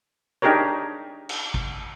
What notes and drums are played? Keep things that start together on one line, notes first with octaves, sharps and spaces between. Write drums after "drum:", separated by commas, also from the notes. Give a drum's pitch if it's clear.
D4 D#4 G4 G#4 A#4 C#5
drum: cymbal
drum: kick